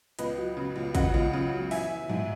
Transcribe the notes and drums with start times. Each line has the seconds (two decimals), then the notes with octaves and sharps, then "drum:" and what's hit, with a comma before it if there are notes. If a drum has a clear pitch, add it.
0.19 C#2 B4 D#5, drum: hi-hat
0.37 F#3
0.57 C#3
0.76 C#2
0.95 C#3 D#5 F#5, drum: kick, hi-hat
1.14 C#2
1.33 C#3
1.52 F#3
1.71 E3 E5 G#5, drum: open hi-hat
1.90 E3
2.09 G#2